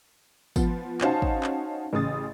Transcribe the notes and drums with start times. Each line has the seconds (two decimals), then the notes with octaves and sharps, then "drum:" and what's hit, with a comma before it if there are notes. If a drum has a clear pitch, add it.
0.56 F3 B3, drum: kick, tambourine
1.01 C#4 D#4 F#4 C5 F5 A5, drum: clap
1.22 drum: kick
1.43 drum: clap
1.93 A1 C#3 D#6 A6